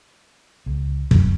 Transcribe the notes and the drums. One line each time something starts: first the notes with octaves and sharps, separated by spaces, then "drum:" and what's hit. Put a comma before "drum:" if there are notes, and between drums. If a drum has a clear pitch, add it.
C#2
F#2, drum: kick